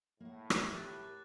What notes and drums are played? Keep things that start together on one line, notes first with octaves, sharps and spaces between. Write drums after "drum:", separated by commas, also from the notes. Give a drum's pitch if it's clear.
A2 A#3 F#5
drum: rim click
G4 A#4 G5 D6 F#6 A6